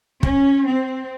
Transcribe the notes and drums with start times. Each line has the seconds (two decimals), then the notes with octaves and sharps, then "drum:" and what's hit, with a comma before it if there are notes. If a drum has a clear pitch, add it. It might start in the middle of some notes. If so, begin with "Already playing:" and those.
0.23 C#4, drum: kick
0.66 C4